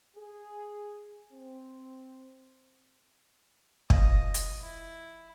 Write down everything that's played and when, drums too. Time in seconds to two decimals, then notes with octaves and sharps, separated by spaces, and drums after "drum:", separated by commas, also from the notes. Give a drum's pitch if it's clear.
0.16 G#4
1.32 C4
3.90 F3 D#5, drum: kick
4.34 drum: hi-hat
4.61 E4